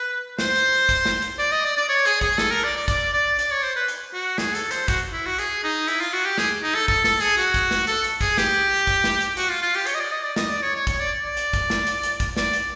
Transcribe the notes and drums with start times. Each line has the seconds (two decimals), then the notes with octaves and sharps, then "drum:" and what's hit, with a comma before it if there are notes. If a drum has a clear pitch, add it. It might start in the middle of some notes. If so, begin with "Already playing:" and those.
Already playing: B4
0.39 C5, drum: snare
0.56 drum: hi-hat
0.72 drum: hi-hat
0.89 drum: kick, hi-hat
1.06 drum: snare
1.22 drum: hi-hat
1.39 D5
1.52 D#5
1.64 D5
1.77 D5
1.89 C#5
2.06 G#4, drum: hi-hat
2.21 G#4, drum: kick, hi-hat
2.38 A4, drum: snare
2.51 A#4
2.64 D5
2.77 D5
2.88 D5, drum: kick, hi-hat
3.13 D5
3.39 D5, drum: hi-hat
3.51 C#5
3.63 C5
3.76 B4
3.88 drum: hi-hat
4.13 F#4
4.38 G#4, drum: snare
4.55 A4, drum: hi-hat
4.71 C5, drum: hi-hat
4.88 F#4, drum: kick, hi-hat
5.12 E4
5.26 F#4
5.38 G#4, drum: hi-hat
5.64 D#4
5.88 E4, drum: hi-hat
6.00 F4
6.13 F#4
6.25 G4
6.38 G#4, drum: snare
6.63 D#4
6.75 A4
6.88 A4, drum: kick, hi-hat
7.04 A4, drum: snare
7.21 G#4, drum: hi-hat
7.38 F#4, drum: hi-hat
7.54 drum: kick, hi-hat
7.71 drum: snare
7.87 A4, drum: hi-hat
8.04 drum: hi-hat
8.21 G#4, drum: kick, hi-hat
8.38 G4, drum: snare
8.87 drum: kick, hi-hat
9.04 drum: snare
9.21 drum: hi-hat
9.37 F#4, drum: hi-hat
9.50 F4
9.62 F4
9.75 G4
9.87 C#5, drum: hi-hat
9.95 D#5
10.00 D5
10.11 D#5
10.25 D5
10.36 D#5, drum: snare
10.49 D5
10.62 C#5
10.75 C#5
10.87 C#5, drum: kick, hi-hat
11.00 D5
11.25 D5
11.37 drum: hi-hat
11.53 drum: kick, hi-hat
11.70 drum: snare
11.87 drum: hi-hat
12.03 drum: hi-hat
12.20 drum: kick, hi-hat
12.37 D5, drum: snare
12.53 drum: hi-hat